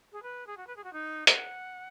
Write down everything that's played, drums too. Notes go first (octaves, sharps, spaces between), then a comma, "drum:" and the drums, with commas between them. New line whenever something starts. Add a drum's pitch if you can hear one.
G#4
B4
G#4
F#4
B4
G#4
F#4
D#4
F#5, drum: hi-hat